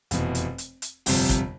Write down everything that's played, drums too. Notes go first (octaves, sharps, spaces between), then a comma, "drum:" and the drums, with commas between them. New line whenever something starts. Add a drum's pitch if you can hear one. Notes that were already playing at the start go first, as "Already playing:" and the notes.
F1 E2 B2, drum: hi-hat
drum: hi-hat
drum: hi-hat
drum: hi-hat
G1 F2 C3 G3, drum: open hi-hat
drum: kick, hi-hat